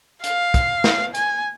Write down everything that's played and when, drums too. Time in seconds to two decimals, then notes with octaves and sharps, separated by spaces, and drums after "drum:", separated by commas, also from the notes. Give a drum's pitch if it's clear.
0.24 F5, drum: hi-hat
0.54 drum: kick, hi-hat
0.84 drum: snare
1.15 G#5, drum: hi-hat